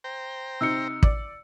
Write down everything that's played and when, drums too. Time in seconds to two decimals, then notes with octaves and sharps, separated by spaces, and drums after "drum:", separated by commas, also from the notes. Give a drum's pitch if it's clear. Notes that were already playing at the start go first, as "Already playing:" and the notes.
0.04 C5 G5 A#5
0.61 C3 D#4 E6 C#7
1.03 D5, drum: kick